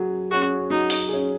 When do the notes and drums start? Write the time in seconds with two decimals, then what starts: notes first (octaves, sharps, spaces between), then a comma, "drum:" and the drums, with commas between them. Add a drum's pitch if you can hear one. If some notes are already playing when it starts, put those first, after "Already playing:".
Already playing: F#3 G#4
0.31 C#4 F#4 G#4
0.70 F#3 D#4
0.90 drum: open hi-hat
1.09 C#4 G#4